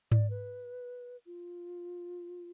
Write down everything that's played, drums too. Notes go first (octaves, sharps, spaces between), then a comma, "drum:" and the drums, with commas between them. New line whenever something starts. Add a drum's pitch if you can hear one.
D5, drum: tom G#2
B4
F4